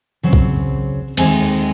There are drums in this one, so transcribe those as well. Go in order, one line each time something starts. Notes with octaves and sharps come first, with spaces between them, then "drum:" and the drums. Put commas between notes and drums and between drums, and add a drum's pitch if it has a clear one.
C#3 F#3 C4
drum: kick B1
D#2 D#3 G#3 C4 G#5, drum: cymbal
drum: tambourine